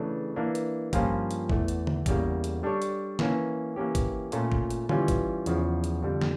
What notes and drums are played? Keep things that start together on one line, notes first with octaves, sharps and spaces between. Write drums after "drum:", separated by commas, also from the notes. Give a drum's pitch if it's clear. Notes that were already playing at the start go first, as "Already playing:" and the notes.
Already playing: C#3 E3 A3 D4 A4
E3 A#3 D4
drum: hi-hat
G2 F3 A#3 C#4 F4, drum: kick, hi-hat
drum: hi-hat
E2 E3 A3, drum: kick
drum: hi-hat
drum: tom D3
E2 C#3 G3 A#3, drum: kick, hi-hat
drum: hi-hat
G3 D4 A4 C#5
drum: hi-hat
E3 A#3 C#4, drum: snare
E3 A#3 C#4 G4
drum: kick, hi-hat
A#2 A3 C#4 F4 A4, drum: hi-hat
drum: kick
drum: hi-hat
E3 G3 C#4 F4, drum: tom D3
drum: kick, hi-hat
E2 C#3 F3, drum: hi-hat
drum: hi-hat
F2 D3 G3
drum: snare